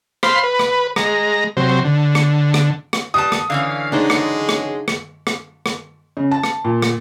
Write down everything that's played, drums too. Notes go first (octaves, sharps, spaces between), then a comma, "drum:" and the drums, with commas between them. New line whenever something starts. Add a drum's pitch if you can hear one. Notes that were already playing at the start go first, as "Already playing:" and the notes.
C5 F5 B5 C6, drum: rim click
B4
drum: rim click
G#3 A#5, drum: rim click
C3 F#3 C5
D3
drum: rim click
drum: rim click
drum: rim click
G3 B4 A5 D#6
drum: rim click
D3 E3 C#4 F5
C#3 F#3 G#3 D4 D#4 C5
drum: rim click
drum: rim click
drum: rim click
drum: rim click
drum: rim click
C#3
A5
drum: rim click
A#2
drum: rim click